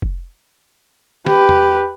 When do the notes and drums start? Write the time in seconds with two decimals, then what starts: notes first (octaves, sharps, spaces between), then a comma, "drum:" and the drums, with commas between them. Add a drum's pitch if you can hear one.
0.02 drum: kick F1
1.26 G4 B4, drum: snare
1.49 drum: tom E2